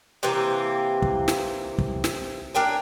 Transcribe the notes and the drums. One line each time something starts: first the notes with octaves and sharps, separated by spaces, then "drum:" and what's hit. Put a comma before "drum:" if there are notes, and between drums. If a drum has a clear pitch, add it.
C3 E3 A#3 C4
drum: kick
drum: snare
drum: kick
drum: snare
D4 A#4 G5 G#5